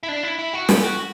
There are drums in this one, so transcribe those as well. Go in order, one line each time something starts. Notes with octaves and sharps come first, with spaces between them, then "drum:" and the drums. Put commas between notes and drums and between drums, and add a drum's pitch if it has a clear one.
E4
D4
E4
E4
F#4
G4, drum: snare
F#4